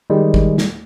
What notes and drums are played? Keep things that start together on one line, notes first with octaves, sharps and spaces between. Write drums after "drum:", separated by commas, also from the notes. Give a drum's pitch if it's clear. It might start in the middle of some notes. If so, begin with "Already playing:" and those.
D#3 G3 G#3
drum: kick
drum: snare